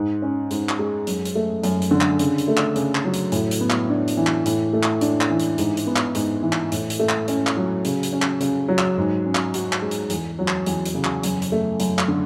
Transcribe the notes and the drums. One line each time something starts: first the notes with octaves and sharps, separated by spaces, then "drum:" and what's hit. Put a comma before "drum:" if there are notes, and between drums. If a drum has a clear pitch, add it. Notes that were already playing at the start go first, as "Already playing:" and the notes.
Already playing: G#2
C#4
G#2, drum: hi-hat
drum: clap
G#3
F#2, drum: hi-hat
drum: hi-hat
A3
F#2, drum: hi-hat
drum: hi-hat
D3
drum: clap
C#3, drum: hi-hat
drum: hi-hat
A3
drum: clap
C#3, drum: hi-hat
drum: clap
F#3
drum: hi-hat
A2, drum: hi-hat
drum: hi-hat
B3
drum: clap
D4
drum: hi-hat
E3
drum: clap
A2, drum: hi-hat
A3
drum: clap
D4, drum: hi-hat
drum: clap
E3
drum: hi-hat
G#2, drum: hi-hat
drum: hi-hat
B3
drum: clap
G#2, drum: hi-hat
E3
drum: clap
A2, drum: hi-hat
drum: hi-hat
A3
drum: clap
C#4, drum: hi-hat
drum: clap
F#3
C#3, drum: hi-hat
drum: hi-hat
C#4
drum: clap
C#3, drum: hi-hat
F#3
drum: clap
G#2
C#4
drum: clap
F#4, drum: hi-hat
drum: clap
G#3
drum: hi-hat
E2, drum: hi-hat
F#3
drum: clap
E2, drum: hi-hat
drum: hi-hat
C#3
drum: clap
F#2, drum: hi-hat
drum: hi-hat
A3
F#2, drum: hi-hat
drum: clap
D3